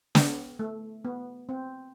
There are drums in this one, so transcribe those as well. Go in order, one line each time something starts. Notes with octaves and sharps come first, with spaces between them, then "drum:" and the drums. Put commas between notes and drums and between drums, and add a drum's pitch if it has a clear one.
B3, drum: snare
A3
B3
C4